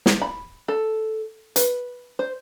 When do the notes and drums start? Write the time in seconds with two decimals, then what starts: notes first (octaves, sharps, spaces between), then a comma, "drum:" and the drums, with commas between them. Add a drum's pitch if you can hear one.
0.06 drum: snare
0.22 B5
0.68 A4
1.56 B4, drum: hi-hat
2.19 C5